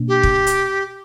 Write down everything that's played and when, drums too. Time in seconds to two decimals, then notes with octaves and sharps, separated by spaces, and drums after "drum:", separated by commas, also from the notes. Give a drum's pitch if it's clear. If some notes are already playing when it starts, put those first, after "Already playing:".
Already playing: B2 A#3 D4
0.08 G4
0.23 drum: kick
0.47 drum: hi-hat